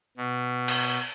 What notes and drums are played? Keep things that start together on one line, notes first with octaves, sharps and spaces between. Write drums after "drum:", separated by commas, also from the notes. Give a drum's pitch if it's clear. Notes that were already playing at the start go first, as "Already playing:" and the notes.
B2
drum: cymbal